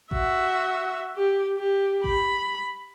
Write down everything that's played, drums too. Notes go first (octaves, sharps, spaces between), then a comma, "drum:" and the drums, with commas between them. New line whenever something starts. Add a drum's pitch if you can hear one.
F#4 E5, drum: kick A1
G4
G4
B5, drum: kick A1